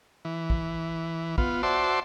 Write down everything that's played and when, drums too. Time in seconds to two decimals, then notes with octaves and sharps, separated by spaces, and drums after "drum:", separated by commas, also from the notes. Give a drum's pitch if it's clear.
0.25 E3
0.50 drum: kick A#1
1.38 B3 F4, drum: kick A#1
1.63 F#4 C5 D5 E5 A5 C6